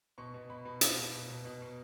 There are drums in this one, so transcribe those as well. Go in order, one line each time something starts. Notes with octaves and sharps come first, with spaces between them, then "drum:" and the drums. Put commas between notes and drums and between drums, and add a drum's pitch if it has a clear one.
B2 C#6
B2
B2 B5
B2
B2 F5, drum: hi-hat
B2
B2
B2
B2
B2